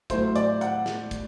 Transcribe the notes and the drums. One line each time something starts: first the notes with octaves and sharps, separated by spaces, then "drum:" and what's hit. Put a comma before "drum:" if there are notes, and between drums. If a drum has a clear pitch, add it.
A2 F#3 A3 C5, drum: kick, hi-hat
D5, drum: hi-hat
F#5, drum: hi-hat
drum: snare
drum: kick, hi-hat